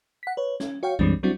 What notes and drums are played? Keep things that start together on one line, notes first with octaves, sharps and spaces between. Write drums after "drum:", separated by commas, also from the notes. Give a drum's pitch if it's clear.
F#5 B6
B4 C#5
C#4, drum: snare
F#4 C#5 F5 G5
F#2 E3 G3 G#3 C4 D4, drum: kick B1
F#3 G3 C4 D4 E4 F#4